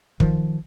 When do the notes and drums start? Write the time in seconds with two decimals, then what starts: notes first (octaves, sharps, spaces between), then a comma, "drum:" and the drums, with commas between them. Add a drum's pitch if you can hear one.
0.20 D#3 F3, drum: kick